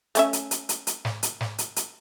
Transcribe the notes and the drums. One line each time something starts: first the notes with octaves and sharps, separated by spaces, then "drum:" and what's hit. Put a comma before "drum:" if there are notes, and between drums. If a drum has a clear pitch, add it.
A3 C#4 E5, drum: hi-hat
drum: hi-hat
drum: hi-hat
drum: hi-hat
drum: hi-hat
drum: snare
drum: hi-hat
drum: snare
drum: hi-hat
drum: hi-hat